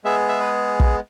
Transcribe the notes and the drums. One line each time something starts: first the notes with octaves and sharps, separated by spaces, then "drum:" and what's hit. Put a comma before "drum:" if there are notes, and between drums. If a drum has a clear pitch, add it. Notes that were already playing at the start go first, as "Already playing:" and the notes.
G#3 B3 G#4 E5
E5
B4
drum: kick